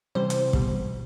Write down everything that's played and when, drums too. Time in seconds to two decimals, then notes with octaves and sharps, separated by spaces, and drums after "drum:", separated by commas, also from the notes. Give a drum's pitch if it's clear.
0.15 C3 E3 G3 C5
0.30 drum: hi-hat
0.53 B2 G3, drum: kick